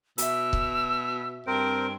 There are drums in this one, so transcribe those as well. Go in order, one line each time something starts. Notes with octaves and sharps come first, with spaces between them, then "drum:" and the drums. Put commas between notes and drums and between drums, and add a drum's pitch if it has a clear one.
B2 F#4 E5 E6, drum: hi-hat
drum: kick C#1
G2 C4 A#4 C5 D7